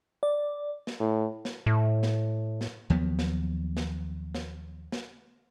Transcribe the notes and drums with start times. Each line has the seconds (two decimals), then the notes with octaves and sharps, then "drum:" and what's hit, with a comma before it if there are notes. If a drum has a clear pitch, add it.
0.23 D5
0.87 drum: snare
1.00 A2
1.45 drum: snare
1.66 A2
2.03 drum: snare
2.61 drum: snare
2.90 D#2 F3 F#3 B3
3.19 drum: snare
3.77 drum: snare
4.35 drum: snare
4.92 drum: snare